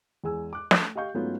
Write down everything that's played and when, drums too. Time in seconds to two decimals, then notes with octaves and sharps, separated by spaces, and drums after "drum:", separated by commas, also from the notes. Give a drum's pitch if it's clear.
0.24 E2 G#3 G#5 E6
0.53 D6 F#6
0.71 A3, drum: snare
0.95 G4 D#5 F5 C#6 G6
1.14 G#2 F#3 A3 B3 C#4 F4